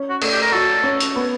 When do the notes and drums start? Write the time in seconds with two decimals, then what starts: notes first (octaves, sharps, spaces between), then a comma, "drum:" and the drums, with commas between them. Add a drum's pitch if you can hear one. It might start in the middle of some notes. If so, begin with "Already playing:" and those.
Already playing: C#4
0.10 F#4
0.22 A3, drum: cymbal
0.31 G4
0.42 A#4
0.52 F#4 A4
0.83 C#4
1.00 drum: hi-hat
1.16 B3